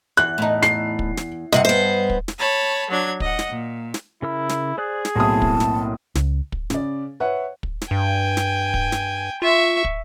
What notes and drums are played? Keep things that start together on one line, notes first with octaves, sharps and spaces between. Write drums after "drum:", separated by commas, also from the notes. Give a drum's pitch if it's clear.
E2 F#6
A2 D#4
C7, drum: snare
drum: kick
drum: snare
G2 C3 C4 D#5 F#5
B3 C5
drum: kick
drum: snare
C#5 A5 B5
F#3 D4 G#6
D#5 F#5, drum: kick
drum: snare
A#2
drum: snare
C#3 E4 A#4 E6
drum: snare
G#4 C5 D5 F#6
drum: snare
B1 A2 A#3 C4 E4 A5 D#6
drum: kick
drum: snare
C#2, drum: snare
drum: kick
C#3 D5, drum: snare
B4 C#5 E5 F#5
drum: kick
drum: snare
G2 G5 G#5
drum: snare
drum: kick
drum: snare
F4 E5 C#6
drum: kick